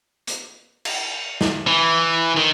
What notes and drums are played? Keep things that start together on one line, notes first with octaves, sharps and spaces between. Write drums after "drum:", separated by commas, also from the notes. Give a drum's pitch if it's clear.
drum: hi-hat
drum: cymbal
drum: snare
E3
D#3